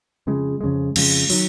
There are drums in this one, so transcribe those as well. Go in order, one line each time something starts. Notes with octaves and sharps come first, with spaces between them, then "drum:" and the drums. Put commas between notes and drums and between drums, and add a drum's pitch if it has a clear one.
F2 C#3 G#3
F2 C#3 G#3
F2 C#3 G#3, drum: cymbal
D#3 F#3, drum: open hi-hat